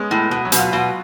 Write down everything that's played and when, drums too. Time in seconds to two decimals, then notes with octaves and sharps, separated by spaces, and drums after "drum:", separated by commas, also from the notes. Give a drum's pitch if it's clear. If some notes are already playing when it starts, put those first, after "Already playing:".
Already playing: G#3 B3 C#4
0.11 A2
0.31 B2
0.45 F#3
0.52 B2, drum: hi-hat
0.59 F4
0.72 B2 F4